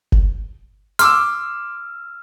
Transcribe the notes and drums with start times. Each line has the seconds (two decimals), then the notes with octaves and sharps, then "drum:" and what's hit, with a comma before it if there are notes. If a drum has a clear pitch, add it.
0.12 drum: kick F#1
0.99 C6 D6 E6 F6, drum: hi-hat